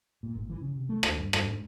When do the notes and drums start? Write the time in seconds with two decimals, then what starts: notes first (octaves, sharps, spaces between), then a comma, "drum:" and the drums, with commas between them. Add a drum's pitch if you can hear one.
0.23 A#2
0.35 G#1
0.50 E3
0.61 C#3
0.76 C3
0.89 A3
1.03 D#2, drum: rim click
1.18 G2
1.33 G2, drum: rim click
1.47 G#2